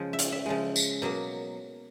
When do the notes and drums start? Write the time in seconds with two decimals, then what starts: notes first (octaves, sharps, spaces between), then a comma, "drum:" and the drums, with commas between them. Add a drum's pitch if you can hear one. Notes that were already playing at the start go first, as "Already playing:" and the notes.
Already playing: C#3 F3 G#3
0.13 E5
0.19 F5, drum: hi-hat
0.32 E5
0.46 C#3 F3 G#3
0.76 drum: tambourine
1.02 B2 F#3 A#3